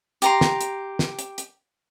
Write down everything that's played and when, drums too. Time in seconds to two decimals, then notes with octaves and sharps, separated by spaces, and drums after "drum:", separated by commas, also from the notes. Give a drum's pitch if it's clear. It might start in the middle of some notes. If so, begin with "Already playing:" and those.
0.22 G4 A#5 C6, drum: hi-hat
0.41 drum: snare
0.61 drum: hi-hat
0.99 drum: snare
1.19 drum: hi-hat
1.38 drum: hi-hat